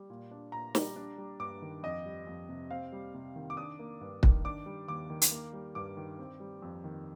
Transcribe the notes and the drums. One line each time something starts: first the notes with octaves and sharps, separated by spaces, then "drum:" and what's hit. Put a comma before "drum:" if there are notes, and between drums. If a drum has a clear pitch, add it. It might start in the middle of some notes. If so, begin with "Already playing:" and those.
Already playing: G3
A#2
D4
A#2 A#5
G3, drum: snare
D4
G3
G2 D6
D#3
F2 D#5
G3
F2
C3
C4 F5
G3
C3
D#3
D6
D4 D#6
A#3
G2
D#3, drum: kick
D4 D6
G3
D#2 D6
D#3
drum: hi-hat
A#3
G3
G2 D6
D#3
C4
G3
F2
D#3